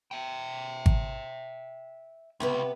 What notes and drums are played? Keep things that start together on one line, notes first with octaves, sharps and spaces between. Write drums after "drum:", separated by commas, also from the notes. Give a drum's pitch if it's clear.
E5 G5
drum: kick G#1
C#2 C3 B3 B4